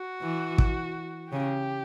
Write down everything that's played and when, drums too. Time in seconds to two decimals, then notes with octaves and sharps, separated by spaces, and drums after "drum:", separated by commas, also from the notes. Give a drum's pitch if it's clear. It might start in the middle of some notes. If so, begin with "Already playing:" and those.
Already playing: F#4
0.21 E3
0.58 drum: kick
1.32 C#3 G4